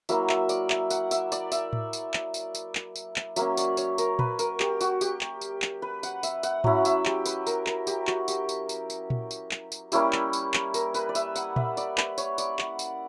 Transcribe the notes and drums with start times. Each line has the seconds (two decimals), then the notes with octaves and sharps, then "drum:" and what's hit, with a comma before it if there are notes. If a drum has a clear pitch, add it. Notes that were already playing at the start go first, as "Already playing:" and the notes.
0.09 F#3 A#3 E4 E5, drum: tambourine
0.29 E5, drum: clap
0.49 D5, drum: tambourine
0.70 E5, drum: clap
0.90 F#5, drum: tambourine
1.11 E5, drum: tambourine
1.32 D5, drum: tambourine
1.52 E5, drum: tambourine
1.73 drum: tom A2
1.93 drum: tambourine
2.14 drum: clap
2.34 drum: tambourine
2.55 drum: tambourine
2.75 drum: clap
2.96 drum: tambourine
3.16 drum: clap
3.36 F#3 A#3 C#4 E5, drum: tambourine
3.57 D5, drum: tambourine
3.77 C#5, drum: tambourine
3.98 A#4, drum: tambourine
4.19 B4, drum: tom A#2
4.39 A#4, drum: tambourine
4.60 G4, drum: clap
4.81 F#4, drum: tambourine
5.01 G4, drum: tambourine
5.21 drum: clap
5.41 drum: tambourine
5.62 drum: clap
5.82 B4
6.03 F#5, drum: tambourine
6.23 E5, drum: tambourine
6.43 F#5, drum: tambourine
6.64 F#3 C#4 E4, drum: tom G#2
6.85 E5, drum: tambourine
7.05 G4, drum: clap
7.26 B4, drum: tambourine
7.47 A#4, drum: tambourine
7.67 A#4, drum: clap
7.87 G4, drum: tambourine
8.07 F#4, drum: clap
8.28 G4, drum: tambourine
8.49 drum: tambourine
8.69 drum: tambourine
8.90 drum: tambourine
9.10 drum: tom A#2
9.31 drum: tambourine
9.51 drum: clap
9.72 drum: tambourine
9.92 G3 A#3 C#4 E4 G4, drum: tambourine
10.13 drum: clap
10.33 drum: tambourine
10.54 drum: clap
10.74 A#4, drum: tambourine
10.94 B4, drum: tambourine
11.09 D5
11.15 E5, drum: tambourine
11.36 F#5, drum: tambourine
11.56 E5, drum: tom A#2
11.77 D5, drum: tambourine
11.98 B4, drum: clap
12.18 C#5, drum: tambourine
12.38 D5, drum: tambourine
12.59 F#5, drum: clap
12.79 drum: tambourine